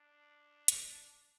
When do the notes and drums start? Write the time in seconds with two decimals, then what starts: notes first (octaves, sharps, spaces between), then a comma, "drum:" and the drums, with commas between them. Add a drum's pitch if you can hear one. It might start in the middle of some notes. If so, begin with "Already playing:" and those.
Already playing: D4
0.68 drum: hi-hat